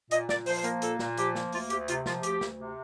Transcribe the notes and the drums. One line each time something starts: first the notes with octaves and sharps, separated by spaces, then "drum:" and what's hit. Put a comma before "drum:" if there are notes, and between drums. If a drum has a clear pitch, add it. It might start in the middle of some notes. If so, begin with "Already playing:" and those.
A#2 D#5, drum: hi-hat
A#2 D5, drum: snare
F3 C5, drum: open hi-hat
C5
A#3 A#4, drum: hi-hat
A#2 A4, drum: hi-hat
A#2, drum: snare
F3 G4, drum: hi-hat
A#3, drum: snare
D2 F4, drum: open hi-hat
D2 G4, drum: hi-hat
C3 F4, drum: hi-hat
F3 F4, drum: snare
D2 G4, drum: hi-hat
D2, drum: snare
C3